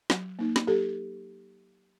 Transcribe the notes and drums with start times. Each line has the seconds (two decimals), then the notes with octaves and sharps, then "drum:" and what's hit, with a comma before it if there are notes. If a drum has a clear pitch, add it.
0.10 F#3, drum: snare
0.39 A#3 D#4
0.56 drum: snare
0.67 F#3 G4 A4